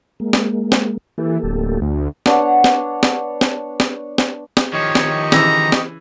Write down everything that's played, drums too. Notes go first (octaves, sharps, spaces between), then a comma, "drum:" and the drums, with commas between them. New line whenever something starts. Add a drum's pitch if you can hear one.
G#3 A#3
drum: snare
drum: snare
E3 A#3 G4 A4
D1
D2
B3 D4 C#5 F#5, drum: snare
drum: snare
drum: snare
drum: snare
drum: snare
drum: snare
drum: snare
D#3 F3 G4 C#5 D#5 C#6
drum: snare
C#3 E3 A#5, drum: snare
drum: snare